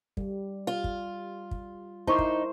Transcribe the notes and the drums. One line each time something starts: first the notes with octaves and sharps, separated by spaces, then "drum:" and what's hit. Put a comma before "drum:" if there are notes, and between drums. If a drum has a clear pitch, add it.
G3, drum: kick
F4
drum: kick
drum: kick
D#4 E4 A#4 C5 A5 C#6 D6
drum: kick